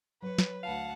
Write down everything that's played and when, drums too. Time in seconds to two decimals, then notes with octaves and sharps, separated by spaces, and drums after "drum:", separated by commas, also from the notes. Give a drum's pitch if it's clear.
0.22 F#3 B4 C#5
0.39 drum: snare
0.63 D2 F5 F#5 A5